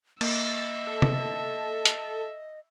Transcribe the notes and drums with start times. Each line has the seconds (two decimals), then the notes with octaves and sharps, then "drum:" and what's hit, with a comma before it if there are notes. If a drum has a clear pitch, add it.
0.21 A#3 D#5 E5 A6, drum: cymbal
0.87 A4
1.02 drum: tom C3
1.85 drum: hi-hat